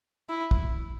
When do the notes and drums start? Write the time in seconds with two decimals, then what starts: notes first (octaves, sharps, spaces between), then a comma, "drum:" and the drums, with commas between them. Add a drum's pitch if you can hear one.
0.29 E4
0.51 drum: kick